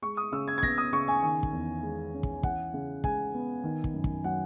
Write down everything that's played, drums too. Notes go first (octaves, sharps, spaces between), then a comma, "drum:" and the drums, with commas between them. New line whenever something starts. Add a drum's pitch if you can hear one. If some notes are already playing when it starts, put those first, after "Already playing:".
G#3 C#6
D#6
C#3 E6
G#6
G#6
B3 A#6, drum: kick
D#6
C#3 C#6
G#5
D#3 G#5
drum: kick
E2
G#3
C#4
drum: kick
E3 F#5, drum: kick
C#3
G#3 G#5, drum: kick
B3
D#3
drum: kick
F#2
drum: kick
F#3 F#5